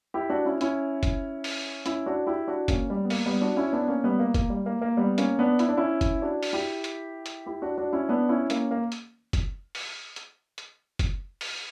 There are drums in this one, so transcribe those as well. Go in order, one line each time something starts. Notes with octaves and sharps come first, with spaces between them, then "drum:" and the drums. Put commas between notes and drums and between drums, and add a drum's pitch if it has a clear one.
E4 G4
D4 F#4
C#4 E4
C#4 E4, drum: hi-hat
drum: kick, hi-hat
drum: open hi-hat
C#4 E4, drum: hi-hat
D4 F#4
E4 G4
D4 F#4
A#3 C#4, drum: kick, hi-hat
G3
B3
A#3, drum: open hi-hat
G3 B3
D4 F#4
C#4 E4
B3 D4
A#3 C#4
G3 B3
A#3
A#3, drum: kick, hi-hat
G3
A#3
A#3
G3 B3
A#3 C#4, drum: hi-hat
B3 D4
E4, drum: hi-hat
D4
C#4 E4
drum: kick, hi-hat
D4 F#4
drum: open hi-hat
E4 G4
drum: hi-hat
drum: hi-hat
E4 G4
D4 F#4
D4 F#4
C#4 E4
B3 D4
C#4 E4
A#3 C#4, drum: hi-hat
A#3
drum: hi-hat
drum: kick, hi-hat
drum: open hi-hat
drum: hi-hat
drum: hi-hat
drum: kick, hi-hat
drum: open hi-hat